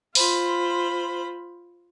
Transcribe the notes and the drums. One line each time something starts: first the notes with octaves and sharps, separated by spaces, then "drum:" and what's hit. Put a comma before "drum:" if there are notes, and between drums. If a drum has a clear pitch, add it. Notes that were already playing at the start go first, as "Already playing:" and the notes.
F4 C5 B5, drum: open hi-hat